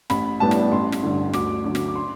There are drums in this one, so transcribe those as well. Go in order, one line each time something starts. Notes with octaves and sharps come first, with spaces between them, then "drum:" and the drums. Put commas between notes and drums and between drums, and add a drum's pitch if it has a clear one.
A1 B5, drum: snare
A2 G3 B3 D4 A5
drum: snare
A1 C6
drum: snare
G2 D3
D2 D6, drum: snare
D3 F#3 D6
drum: snare
D6
C6